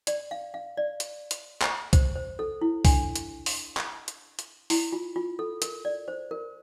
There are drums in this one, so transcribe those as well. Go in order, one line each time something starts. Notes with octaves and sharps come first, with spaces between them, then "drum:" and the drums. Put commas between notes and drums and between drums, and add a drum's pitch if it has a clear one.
D5, drum: hi-hat
F5
F5
D5
drum: hi-hat
drum: hi-hat
drum: clap
C5, drum: kick C2, hi-hat
C5
A4
E4
D4, drum: kick C2, open hi-hat
drum: hi-hat
drum: open hi-hat
drum: clap
drum: hi-hat
drum: hi-hat
E4, drum: open hi-hat
F4
F4
A4
A#4, drum: hi-hat
D5
C5
A#4